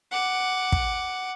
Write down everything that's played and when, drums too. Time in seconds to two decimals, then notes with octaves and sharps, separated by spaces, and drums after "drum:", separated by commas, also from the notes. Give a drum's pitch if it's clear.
0.11 F#5 D6
0.72 drum: kick